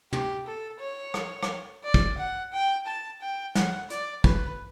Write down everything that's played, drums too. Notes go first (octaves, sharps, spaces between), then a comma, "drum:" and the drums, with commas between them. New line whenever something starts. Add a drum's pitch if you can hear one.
G4, drum: tom
A4
C#5
drum: rim click
drum: rim click
D5
drum: kick
F#5
G5
A5
G5
F#5, drum: snare
D5, drum: hi-hat
B4, drum: kick